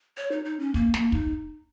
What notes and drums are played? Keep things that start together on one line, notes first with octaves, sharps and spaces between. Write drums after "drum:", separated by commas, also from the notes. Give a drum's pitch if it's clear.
C#5
D#4
D#4
C#4
A#3, drum: kick
A#3, drum: snare
D#4, drum: kick